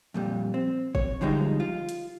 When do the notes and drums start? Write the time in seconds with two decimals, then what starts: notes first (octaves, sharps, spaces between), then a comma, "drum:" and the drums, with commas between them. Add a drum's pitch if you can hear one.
0.14 F2 A#2 G3
0.54 C4
0.95 C#5, drum: kick
1.21 D3 F3 G3 G#3 C4 D#4
1.60 F4
1.89 drum: hi-hat